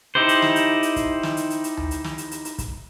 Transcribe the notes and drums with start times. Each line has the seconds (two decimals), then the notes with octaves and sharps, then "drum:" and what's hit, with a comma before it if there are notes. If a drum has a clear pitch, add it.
0.15 D#4 E4 G4 C5
0.29 drum: hi-hat
0.42 drum: snare
0.56 drum: hi-hat
0.83 drum: hi-hat
0.96 drum: kick, hi-hat
1.23 drum: snare
1.37 drum: hi-hat
1.50 drum: hi-hat
1.64 drum: hi-hat
1.77 drum: tom D2
1.91 drum: hi-hat
2.04 drum: snare
2.18 drum: hi-hat
2.31 drum: hi-hat
2.45 drum: hi-hat
2.58 drum: kick, hi-hat